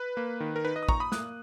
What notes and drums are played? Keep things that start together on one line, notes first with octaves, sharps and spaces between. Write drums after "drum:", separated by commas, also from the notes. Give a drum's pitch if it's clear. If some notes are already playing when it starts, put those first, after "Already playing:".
Already playing: B4
A#3
D#3
A#4
D#4 B4
B4 D#5
D#6
A#2 A#5 C#6, drum: kick
B5 D#6
A#3 D#6 F#6, drum: snare